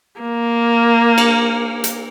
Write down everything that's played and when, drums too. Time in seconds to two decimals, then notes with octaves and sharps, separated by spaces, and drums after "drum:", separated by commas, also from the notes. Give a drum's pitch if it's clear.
0.20 A#3
1.18 drum: cymbal
1.84 drum: hi-hat